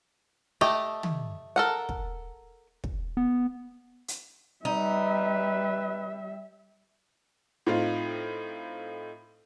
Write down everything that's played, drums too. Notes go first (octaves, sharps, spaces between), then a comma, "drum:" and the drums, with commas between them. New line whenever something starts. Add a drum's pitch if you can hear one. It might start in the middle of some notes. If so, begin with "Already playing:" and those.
A3 G4 D#5, drum: rim click
drum: tom
A4 A#4 F#5
drum: kick
drum: kick
B3
drum: hi-hat
G3 D#4 B4 E5
A2 C4 D#4 F4